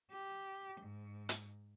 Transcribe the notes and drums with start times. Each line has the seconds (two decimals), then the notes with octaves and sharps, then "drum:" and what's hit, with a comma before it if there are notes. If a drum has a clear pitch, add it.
0.11 G4
0.81 G#2
1.29 drum: hi-hat